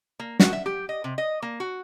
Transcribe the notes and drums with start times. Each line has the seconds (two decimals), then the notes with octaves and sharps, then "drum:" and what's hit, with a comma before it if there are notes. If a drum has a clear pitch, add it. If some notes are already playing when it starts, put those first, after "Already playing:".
0.19 A#3
0.40 F#4, drum: snare
0.53 E5
0.66 G4
0.89 D#5
1.04 C3
1.18 D#5
1.42 A#3
1.60 F#4